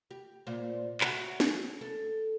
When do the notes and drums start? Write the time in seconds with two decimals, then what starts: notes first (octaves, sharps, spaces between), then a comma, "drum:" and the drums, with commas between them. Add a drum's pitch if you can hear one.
0.11 G4
0.47 A#2 C5
1.01 F#4 C#5 E5, drum: clap
1.40 drum: snare
1.81 A4